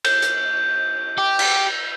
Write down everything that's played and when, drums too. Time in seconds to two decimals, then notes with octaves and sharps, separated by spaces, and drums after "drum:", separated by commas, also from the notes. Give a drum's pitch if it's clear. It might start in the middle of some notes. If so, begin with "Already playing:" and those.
0.05 G6, drum: cymbal
0.22 drum: hi-hat
1.18 G4
1.39 drum: cymbal